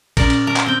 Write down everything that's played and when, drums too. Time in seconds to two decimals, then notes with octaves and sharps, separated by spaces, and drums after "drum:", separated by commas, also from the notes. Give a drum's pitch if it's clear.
0.17 A#2 C#4 A#4 D5, drum: kick A#1, cymbal
0.30 drum: cymbal
0.47 A#4 A#5
0.56 drum: clap
0.66 C4 G5